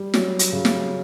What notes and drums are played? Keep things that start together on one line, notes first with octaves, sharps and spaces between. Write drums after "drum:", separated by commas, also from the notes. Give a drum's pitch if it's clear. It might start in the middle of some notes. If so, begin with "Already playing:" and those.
Already playing: G3
F#3, drum: snare
drum: hi-hat
C#3
drum: snare